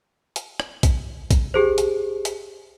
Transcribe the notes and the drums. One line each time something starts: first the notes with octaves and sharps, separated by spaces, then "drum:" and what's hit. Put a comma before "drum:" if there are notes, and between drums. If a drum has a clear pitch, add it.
drum: hi-hat
drum: rim click
drum: kick A#1, hi-hat
drum: kick A#1, hi-hat
G4 G#4 C5
drum: hi-hat
drum: hi-hat